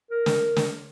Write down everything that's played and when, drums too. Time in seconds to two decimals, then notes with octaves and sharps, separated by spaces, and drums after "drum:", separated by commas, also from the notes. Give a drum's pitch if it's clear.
0.11 A#4
0.26 drum: snare
0.56 drum: snare